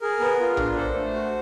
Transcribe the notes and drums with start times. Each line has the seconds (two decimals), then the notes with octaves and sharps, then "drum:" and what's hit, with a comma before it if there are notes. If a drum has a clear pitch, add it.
0.01 G#4 A#4
0.20 B3
0.40 F4
0.57 D4, drum: tom A#1
0.76 A4 C5
0.95 A3
1.14 F#4